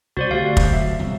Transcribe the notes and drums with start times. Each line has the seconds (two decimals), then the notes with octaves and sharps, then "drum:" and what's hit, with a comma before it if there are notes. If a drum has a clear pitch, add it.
0.17 C2 F#4 C5 D5 A6
0.31 D3 A3 F#4 G4 D5 F5
0.57 drum: kick
0.73 F#3 E5
0.99 E1 C2